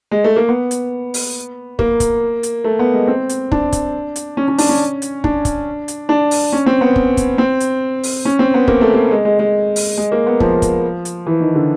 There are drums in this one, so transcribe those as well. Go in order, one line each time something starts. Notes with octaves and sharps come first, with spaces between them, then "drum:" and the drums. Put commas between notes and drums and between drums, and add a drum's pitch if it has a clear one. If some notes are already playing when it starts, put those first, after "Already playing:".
G#3
A3
A#3
B3
drum: hi-hat
drum: open hi-hat
A#3, drum: kick
drum: kick, hi-hat
drum: hi-hat
A3
B3
G#3
C4
drum: hi-hat
D4, drum: kick
drum: kick, hi-hat
drum: hi-hat
C#4
C#4
D4, drum: open hi-hat
C#4
drum: hi-hat
D4, drum: kick
drum: kick, hi-hat
drum: hi-hat
D4
drum: open hi-hat
C#4
C4
B3
drum: kick
drum: kick, hi-hat
C4
drum: hi-hat
drum: open hi-hat
C#4
C4
B3
A#3, drum: kick
A3
A#3
G#3
G#3
G#3
drum: open hi-hat
G#3
A#3
B3
F3, drum: kick
drum: kick, hi-hat
drum: hi-hat
E3
D#3
D3